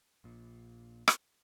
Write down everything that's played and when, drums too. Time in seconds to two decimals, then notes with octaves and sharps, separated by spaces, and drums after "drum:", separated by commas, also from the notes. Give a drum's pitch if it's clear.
0.24 A#1 A#2
1.08 drum: rim click